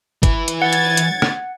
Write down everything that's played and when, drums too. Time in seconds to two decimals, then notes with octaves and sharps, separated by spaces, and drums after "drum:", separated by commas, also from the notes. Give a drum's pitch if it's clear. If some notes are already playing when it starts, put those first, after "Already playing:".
0.23 E3 B4, drum: kick, hi-hat
0.48 drum: hi-hat
0.62 F#5 G#6 A6
0.73 drum: hi-hat
0.97 drum: hi-hat
1.22 drum: rim click